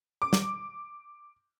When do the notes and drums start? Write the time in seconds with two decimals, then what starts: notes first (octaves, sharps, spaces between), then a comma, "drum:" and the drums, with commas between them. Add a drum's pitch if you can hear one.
0.22 D6
0.33 drum: snare